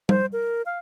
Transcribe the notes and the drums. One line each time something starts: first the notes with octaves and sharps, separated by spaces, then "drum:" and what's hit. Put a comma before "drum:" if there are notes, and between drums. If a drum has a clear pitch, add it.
C5, drum: tom G3
A#4
F5